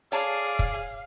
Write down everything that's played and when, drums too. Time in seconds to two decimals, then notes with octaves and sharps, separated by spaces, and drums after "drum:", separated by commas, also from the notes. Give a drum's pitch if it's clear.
0.12 G#4 C#5 D5 F5 A5
0.59 drum: kick